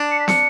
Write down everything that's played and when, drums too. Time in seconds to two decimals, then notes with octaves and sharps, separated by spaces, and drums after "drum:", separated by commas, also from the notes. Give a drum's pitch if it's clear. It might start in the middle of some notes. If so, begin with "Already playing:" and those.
Already playing: D4
0.11 C#7
0.20 B6
0.28 C#7, drum: snare